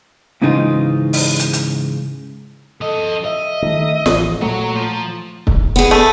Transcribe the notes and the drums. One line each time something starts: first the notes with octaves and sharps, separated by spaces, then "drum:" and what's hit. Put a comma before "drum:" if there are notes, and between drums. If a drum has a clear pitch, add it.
G#2 C#3 E3 D#4 F4
drum: open hi-hat
drum: hi-hat
drum: hi-hat
F3 A4 D#5
D#5 E5
D#3 A3
A1 E3 F3, drum: snare
A#2 A3 F#4 C#5 A#5
F3
drum: kick
B3 G#4
A3